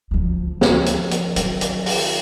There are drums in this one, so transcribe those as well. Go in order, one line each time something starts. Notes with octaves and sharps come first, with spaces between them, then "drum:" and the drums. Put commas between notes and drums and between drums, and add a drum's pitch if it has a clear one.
D2 F3
drum: snare
drum: hi-hat
drum: hi-hat
D#3 F#3, drum: hi-hat
drum: hi-hat
drum: open hi-hat